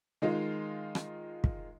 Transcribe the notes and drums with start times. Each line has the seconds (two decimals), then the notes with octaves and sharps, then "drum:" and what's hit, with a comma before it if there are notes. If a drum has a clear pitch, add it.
0.22 D#3 G#3 D#4 F4
0.95 drum: rim click
1.44 drum: kick